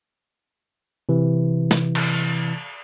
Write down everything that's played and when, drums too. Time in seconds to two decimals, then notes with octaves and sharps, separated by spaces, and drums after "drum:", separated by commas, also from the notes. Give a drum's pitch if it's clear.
1.09 C3 E3
1.71 drum: snare
1.95 drum: cymbal